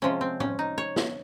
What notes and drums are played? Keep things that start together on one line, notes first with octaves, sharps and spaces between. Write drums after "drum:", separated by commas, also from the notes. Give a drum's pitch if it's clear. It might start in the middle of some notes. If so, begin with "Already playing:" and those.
C3 F3 G#3 C#4
C4
C#4, drum: tom
D#4
C#5
drum: snare